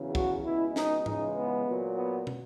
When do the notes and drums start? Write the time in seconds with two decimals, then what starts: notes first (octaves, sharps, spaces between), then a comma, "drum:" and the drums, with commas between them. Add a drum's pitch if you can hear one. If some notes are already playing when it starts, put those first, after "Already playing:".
Already playing: E2 C#3 F#3
0.15 F#4, drum: kick
0.45 C#2 B2 G#3 E4
0.76 D#4, drum: snare
1.06 C#2 C#3 E3 G#3 D#4, drum: tom G#2
1.36 B3
1.67 A#2 F#3
1.97 B3
2.27 drum: tom